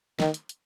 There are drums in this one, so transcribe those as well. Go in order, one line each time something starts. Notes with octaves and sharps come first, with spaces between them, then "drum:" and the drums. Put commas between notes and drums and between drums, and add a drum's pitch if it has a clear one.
D#3, drum: snare
drum: hi-hat
drum: hi-hat